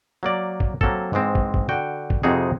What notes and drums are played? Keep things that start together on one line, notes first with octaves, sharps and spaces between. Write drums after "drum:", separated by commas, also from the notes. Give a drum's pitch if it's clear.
F#3 A#3 D5
drum: kick
F#3 A#3 C4 A4, drum: kick
G#2 E3 G#3 C4
drum: kick
drum: kick
D3 F#4 G5
drum: kick
F2 C3 C4 D#4 F#4 G#4